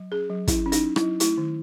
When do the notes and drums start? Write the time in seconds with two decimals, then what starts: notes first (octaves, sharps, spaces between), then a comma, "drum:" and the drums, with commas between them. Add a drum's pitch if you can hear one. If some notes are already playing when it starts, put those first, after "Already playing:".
Already playing: F#3
0.11 C#4 G#4
0.30 F#3
0.48 C#4 E4, drum: kick, hi-hat
0.66 C#4
0.72 D#4, drum: hi-hat
0.84 C#4
0.96 E4, drum: rim click
1.02 F#3
1.20 A3 E4, drum: hi-hat
1.38 D#3